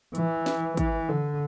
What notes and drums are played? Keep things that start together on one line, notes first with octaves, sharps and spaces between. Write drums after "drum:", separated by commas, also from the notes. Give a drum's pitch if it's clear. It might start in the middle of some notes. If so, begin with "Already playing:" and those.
E3, drum: hi-hat
drum: snare
E3, drum: kick, hi-hat
D3